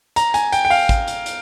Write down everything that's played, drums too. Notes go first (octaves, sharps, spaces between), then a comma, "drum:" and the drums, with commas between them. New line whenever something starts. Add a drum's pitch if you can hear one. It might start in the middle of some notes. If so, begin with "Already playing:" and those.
A#5, drum: hi-hat
G#5, drum: hi-hat
G5, drum: hi-hat
G5
F5, drum: open hi-hat
drum: kick, hi-hat
drum: hi-hat
drum: hi-hat